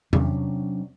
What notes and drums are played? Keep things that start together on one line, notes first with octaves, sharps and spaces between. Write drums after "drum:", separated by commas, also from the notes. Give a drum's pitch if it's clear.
C3 F#3 C#4 D4, drum: tom E2